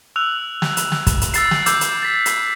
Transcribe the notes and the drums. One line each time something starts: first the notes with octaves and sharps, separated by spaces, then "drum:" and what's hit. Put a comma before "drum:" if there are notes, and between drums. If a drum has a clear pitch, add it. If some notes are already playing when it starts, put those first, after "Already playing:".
E6 F#6 F7
drum: snare
drum: hi-hat
drum: snare
drum: kick, hi-hat
drum: hi-hat
E6 A6 C7, drum: hi-hat
drum: snare
D6 E6 G6, drum: hi-hat
drum: hi-hat
A6 B6
drum: hi-hat